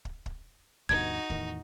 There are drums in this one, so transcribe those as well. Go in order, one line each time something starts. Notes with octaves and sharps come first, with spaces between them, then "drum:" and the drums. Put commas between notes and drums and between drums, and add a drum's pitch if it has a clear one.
drum: kick
drum: kick
D2 G2 B2 D#4 F#4 G#6, drum: kick
E2 A2 D#3, drum: kick